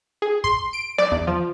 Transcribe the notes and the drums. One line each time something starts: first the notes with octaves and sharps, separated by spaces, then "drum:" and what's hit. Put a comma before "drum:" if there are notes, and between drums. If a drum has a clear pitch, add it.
G#4
C6, drum: kick
D7
D5, drum: snare
E2
F3